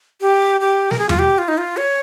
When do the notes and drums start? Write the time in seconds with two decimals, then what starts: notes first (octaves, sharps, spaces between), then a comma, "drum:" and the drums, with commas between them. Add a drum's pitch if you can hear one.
0.21 G4
0.61 G4
0.91 A#4, drum: snare
0.99 G#4
1.09 F4, drum: tom E2
1.19 G4
1.38 F4
1.48 D#4
1.58 F4
1.77 C#5